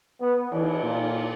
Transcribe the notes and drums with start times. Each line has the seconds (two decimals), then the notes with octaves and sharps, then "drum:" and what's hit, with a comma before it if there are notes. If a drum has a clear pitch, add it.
0.19 B3
0.52 E3, drum: cymbal
0.82 A#2